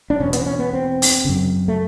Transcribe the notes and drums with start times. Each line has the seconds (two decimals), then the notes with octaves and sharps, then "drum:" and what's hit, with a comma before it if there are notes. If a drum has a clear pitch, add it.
0.10 D4
0.20 E2 B2 C#4
0.33 B3, drum: hi-hat
0.39 C4
0.46 C#4
0.59 B3
0.73 C4
1.02 drum: open hi-hat
1.25 F#2 C#3
1.68 A3